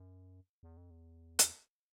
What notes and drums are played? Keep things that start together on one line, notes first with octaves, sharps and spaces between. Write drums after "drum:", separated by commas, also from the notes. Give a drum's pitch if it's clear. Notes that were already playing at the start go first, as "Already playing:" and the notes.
Already playing: F#2
E2
F2
E2
drum: hi-hat